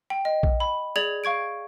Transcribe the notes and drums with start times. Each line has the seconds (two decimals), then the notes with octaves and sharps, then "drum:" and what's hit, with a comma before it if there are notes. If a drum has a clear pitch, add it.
0.10 G5
0.25 D#5
0.43 drum: kick A#1
0.60 B5
0.96 G#4 D5 G#6 F7 F#7
1.24 F5 C#6 G#6 D7